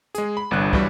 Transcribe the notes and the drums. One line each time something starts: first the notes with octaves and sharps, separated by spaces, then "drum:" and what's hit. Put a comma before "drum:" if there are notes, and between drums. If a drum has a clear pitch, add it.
G#3 G#4, drum: hi-hat
B5
G1 C2 D3 F#6
G2 E3 F#3 G3, drum: kick